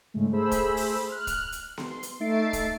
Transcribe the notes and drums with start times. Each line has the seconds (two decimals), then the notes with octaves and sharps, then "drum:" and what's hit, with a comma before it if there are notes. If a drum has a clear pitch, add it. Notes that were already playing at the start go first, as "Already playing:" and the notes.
0.14 G#2 C#3 G#3 A3
0.32 A3 G#4 C5 B5 E6
0.51 drum: kick, hi-hat
0.77 drum: open hi-hat
1.09 F6 F#6
1.27 drum: kick, hi-hat
1.52 drum: hi-hat
1.78 C6, drum: snare B3
2.03 drum: hi-hat
2.20 A3 D#4 E5 A6 C7 D7
2.53 drum: kick, hi-hat